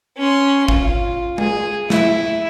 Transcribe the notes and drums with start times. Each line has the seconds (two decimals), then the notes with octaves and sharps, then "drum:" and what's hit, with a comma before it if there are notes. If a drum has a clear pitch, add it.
0.18 C#4 C6
0.68 F4, drum: kick
1.38 G#4, drum: tom G#3
1.90 E4, drum: snare